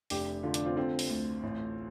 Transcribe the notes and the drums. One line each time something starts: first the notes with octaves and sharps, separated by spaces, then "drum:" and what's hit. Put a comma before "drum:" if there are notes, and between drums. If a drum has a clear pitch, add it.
F1 D4 G4, drum: open hi-hat
D3 F4
D4, drum: hi-hat
C4 F4
D3 C4 F4
drum: open hi-hat
D2
A1